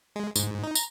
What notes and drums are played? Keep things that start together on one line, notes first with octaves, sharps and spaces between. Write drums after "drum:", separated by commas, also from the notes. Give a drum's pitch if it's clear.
G#3
G#2, drum: tambourine
D#4
A#5, drum: tambourine